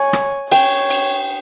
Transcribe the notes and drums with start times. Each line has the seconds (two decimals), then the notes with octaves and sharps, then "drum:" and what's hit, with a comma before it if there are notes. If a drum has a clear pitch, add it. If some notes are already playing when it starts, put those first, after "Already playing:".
Already playing: C#5 G#5
0.13 drum: rim click
0.52 C#5 G5, drum: cymbal
0.90 drum: cymbal